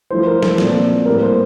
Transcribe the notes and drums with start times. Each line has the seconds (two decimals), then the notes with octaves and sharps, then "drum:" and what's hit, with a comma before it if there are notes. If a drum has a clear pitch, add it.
0.10 F3 A3 E4 C5
0.27 A#4
0.43 A4, drum: snare
0.58 A#2 F3 C4 F4 A4, drum: snare
1.06 A2 G3 A#3 A#4
1.22 C5